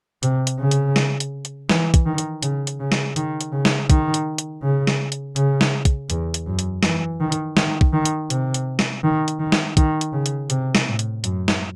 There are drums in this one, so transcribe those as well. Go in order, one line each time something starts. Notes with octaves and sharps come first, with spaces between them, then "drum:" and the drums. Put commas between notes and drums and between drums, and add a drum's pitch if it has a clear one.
C3, drum: hi-hat
drum: hi-hat
C#3
drum: hi-hat
drum: snare
drum: hi-hat
drum: hi-hat
E3, drum: snare
drum: kick, hi-hat
D#3
drum: hi-hat
C#3, drum: hi-hat
drum: hi-hat
C#3
drum: snare
D#3, drum: hi-hat
drum: hi-hat
C#3
drum: snare
D#3, drum: kick, hi-hat
drum: hi-hat
drum: hi-hat
C#3
drum: snare
drum: hi-hat
C#3, drum: hi-hat
drum: snare
drum: kick, hi-hat
E2, drum: hi-hat
drum: hi-hat
F#2
drum: hi-hat
E3, drum: snare
D#3
drum: hi-hat
D#3, drum: snare
drum: kick
D#3
drum: hi-hat
C3, drum: hi-hat
drum: hi-hat
drum: snare
D#3
drum: hi-hat
D#3
drum: snare
D#3, drum: kick, hi-hat
drum: hi-hat
C#3
drum: hi-hat
C3, drum: hi-hat
drum: snare
A2
drum: hi-hat
F#2, drum: hi-hat
drum: snare